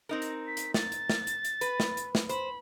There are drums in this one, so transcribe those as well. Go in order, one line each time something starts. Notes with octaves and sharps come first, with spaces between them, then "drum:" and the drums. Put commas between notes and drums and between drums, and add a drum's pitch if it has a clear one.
C4 D#4 A#4
drum: hi-hat
B6
drum: hi-hat
A6, drum: snare
drum: hi-hat
drum: snare
drum: hi-hat
drum: hi-hat
B4, drum: hi-hat
drum: snare
drum: hi-hat
drum: snare
C5 B5, drum: hi-hat